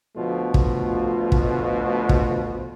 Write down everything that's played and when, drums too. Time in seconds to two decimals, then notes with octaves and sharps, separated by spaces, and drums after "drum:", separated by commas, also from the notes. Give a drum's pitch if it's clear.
0.15 D2 B2 F3 A3 F4
0.54 drum: kick
1.32 drum: kick
2.09 drum: kick